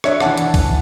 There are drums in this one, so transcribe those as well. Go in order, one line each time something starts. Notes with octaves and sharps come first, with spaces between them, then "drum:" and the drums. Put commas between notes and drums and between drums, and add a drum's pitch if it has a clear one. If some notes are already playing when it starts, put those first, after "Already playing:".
D4 C#5 E5, drum: rim click
F#5 A5, drum: rim click
E3
drum: hi-hat
drum: kick, open hi-hat